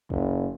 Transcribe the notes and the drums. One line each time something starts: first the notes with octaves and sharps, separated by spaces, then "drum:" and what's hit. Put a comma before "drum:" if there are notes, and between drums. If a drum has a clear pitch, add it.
F#1, drum: kick